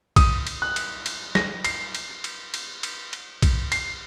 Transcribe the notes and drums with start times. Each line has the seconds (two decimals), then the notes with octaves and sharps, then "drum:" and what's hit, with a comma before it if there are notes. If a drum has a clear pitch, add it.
0.16 D#6, drum: kick A#1, cymbal
0.47 drum: cymbal
0.62 F#6
0.76 drum: cymbal
1.06 drum: cymbal
1.35 A#6, drum: snare
1.64 C7, drum: cymbal
1.95 drum: cymbal
2.24 drum: cymbal
2.54 drum: cymbal
2.83 drum: cymbal
3.13 drum: cymbal
3.42 drum: kick A#1, cymbal
3.72 C7, drum: cymbal